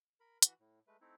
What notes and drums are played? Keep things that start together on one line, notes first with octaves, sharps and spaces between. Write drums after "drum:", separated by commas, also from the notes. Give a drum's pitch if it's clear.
A#4 B5
E3 F#4 B5 F#6, drum: hi-hat
A2
G#3 A3 B4
A3 C4 D#4 E4